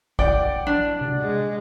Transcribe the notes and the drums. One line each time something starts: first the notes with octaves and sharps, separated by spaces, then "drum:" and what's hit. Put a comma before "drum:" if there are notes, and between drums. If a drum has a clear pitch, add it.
D5 F#5 G5 D6, drum: kick
D4
drum: tom C3
G#3